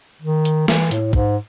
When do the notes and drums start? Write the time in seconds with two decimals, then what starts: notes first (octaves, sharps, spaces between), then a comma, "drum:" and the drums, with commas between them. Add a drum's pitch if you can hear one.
0.22 D#3
0.45 drum: hi-hat
0.68 E3, drum: snare
0.91 A2, drum: hi-hat
1.13 G#2, drum: kick